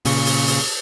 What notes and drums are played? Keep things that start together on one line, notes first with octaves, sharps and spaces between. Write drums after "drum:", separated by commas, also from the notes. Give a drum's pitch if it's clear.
A#2 C#3 C#6, drum: open hi-hat
drum: open hi-hat
drum: open hi-hat